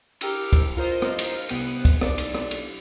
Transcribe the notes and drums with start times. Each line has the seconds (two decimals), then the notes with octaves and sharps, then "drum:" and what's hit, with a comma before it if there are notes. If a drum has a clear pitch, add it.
0.21 G4 A#4 G5 E6 F6, drum: cymbal
0.53 drum: kick, cymbal
0.77 F4 A#4 C5 D#5
1.02 drum: rim click
1.19 drum: cymbal
1.49 C2 B3 G5 D#6 F#6, drum: cymbal
1.85 drum: kick, cymbal
2.01 B1 D5, drum: rim click
2.18 drum: cymbal
2.34 drum: rim click
2.51 drum: cymbal